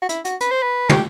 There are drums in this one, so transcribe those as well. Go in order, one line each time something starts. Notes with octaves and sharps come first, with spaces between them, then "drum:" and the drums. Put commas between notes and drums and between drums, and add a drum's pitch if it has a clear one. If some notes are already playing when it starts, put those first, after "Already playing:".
F#4
E4, drum: hi-hat
F#4, drum: hi-hat
B4, drum: hi-hat
C5
B4
G4, drum: tom